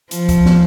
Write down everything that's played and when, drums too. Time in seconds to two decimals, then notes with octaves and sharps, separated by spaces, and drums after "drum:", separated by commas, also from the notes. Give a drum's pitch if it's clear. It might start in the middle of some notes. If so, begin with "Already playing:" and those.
0.11 F3, drum: hi-hat
0.29 drum: kick C2, hi-hat
0.46 drum: snare